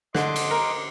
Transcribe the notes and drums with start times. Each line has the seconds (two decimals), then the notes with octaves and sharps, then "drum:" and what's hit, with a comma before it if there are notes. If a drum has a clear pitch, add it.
0.15 D3 D#5 C6 D6, drum: snare
0.36 drum: cymbal
0.51 A#4